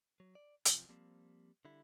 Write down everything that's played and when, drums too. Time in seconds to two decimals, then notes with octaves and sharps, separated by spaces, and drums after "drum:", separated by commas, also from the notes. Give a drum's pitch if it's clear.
0.20 F#3
0.35 D5
0.65 F#2 C3 F3, drum: hi-hat
0.89 F3 G3 A#3 C4
1.65 D3 G3 E4